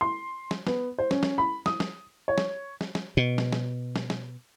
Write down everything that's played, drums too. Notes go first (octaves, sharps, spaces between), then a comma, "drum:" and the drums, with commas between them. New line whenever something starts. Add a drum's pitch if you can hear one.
C6
drum: snare
B3, drum: snare
C5
C#4, drum: snare
drum: snare
B5
D#6, drum: snare
drum: snare
C#5
drum: snare
drum: snare
drum: snare
B2
drum: snare
drum: snare
drum: snare
drum: snare